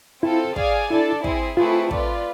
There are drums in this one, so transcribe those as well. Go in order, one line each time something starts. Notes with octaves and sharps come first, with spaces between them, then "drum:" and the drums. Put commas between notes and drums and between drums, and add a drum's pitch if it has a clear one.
C4 E4 F4 A4
G#4 D5 F5 G#5, drum: kick
D4 E4 A4 D5
C4 E4 G#4, drum: kick
A3 C4 E4 F4 G#4 B4
F4 B4 D5, drum: kick